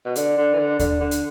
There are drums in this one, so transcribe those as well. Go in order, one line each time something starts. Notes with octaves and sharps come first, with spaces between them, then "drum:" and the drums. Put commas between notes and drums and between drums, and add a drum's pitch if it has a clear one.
B2
D3 D5, drum: hi-hat
D3
E3
D3
D3, drum: kick D#2, hi-hat
D3
drum: hi-hat